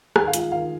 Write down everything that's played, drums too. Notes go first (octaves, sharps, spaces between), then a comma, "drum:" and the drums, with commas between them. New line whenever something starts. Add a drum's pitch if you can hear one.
D#3 G#5, drum: rim click
F5
G#3 F4 G#4, drum: hi-hat
F5
D#3 F5